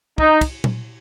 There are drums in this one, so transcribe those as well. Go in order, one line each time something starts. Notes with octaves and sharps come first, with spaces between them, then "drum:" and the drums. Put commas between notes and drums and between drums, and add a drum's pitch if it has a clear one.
D#4, drum: kick
drum: kick, cymbal
drum: tom A#2